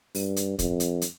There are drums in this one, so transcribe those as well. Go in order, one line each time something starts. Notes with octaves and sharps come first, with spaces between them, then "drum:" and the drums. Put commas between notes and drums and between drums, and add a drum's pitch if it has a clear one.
G2, drum: open hi-hat
drum: hi-hat
F2, drum: kick, hi-hat
drum: hi-hat
drum: hi-hat